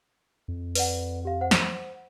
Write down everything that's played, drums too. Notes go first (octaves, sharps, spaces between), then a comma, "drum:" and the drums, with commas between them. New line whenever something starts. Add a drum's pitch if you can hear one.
F2
B4 D5 F#5, drum: open hi-hat
G4 F5
C5 F#5
drum: snare